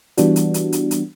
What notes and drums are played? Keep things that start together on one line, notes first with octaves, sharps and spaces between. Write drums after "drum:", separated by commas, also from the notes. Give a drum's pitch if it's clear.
E3 G3 B3 D4 F#4, drum: hi-hat
drum: hi-hat
drum: hi-hat
drum: hi-hat
drum: hi-hat